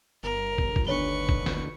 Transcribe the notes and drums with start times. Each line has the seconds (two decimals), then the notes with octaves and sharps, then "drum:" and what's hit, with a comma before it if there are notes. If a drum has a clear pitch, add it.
0.23 G1 A#4
0.58 drum: kick
0.76 drum: kick
0.87 D2 D3 D#3 D4 B4 C#5 C#6 G7
1.29 drum: kick
1.46 drum: snare